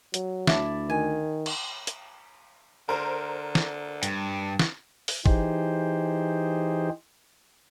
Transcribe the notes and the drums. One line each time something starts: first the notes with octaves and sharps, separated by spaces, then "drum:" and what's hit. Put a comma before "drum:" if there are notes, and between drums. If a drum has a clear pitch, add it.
F#3, drum: hi-hat
D2 E4 D5 A5, drum: snare
D#3 G#5
drum: cymbal
drum: hi-hat
D3 A#4 C5
drum: snare
G2, drum: hi-hat
drum: snare
drum: open hi-hat
E3 D#4 G4 G#4 C5, drum: kick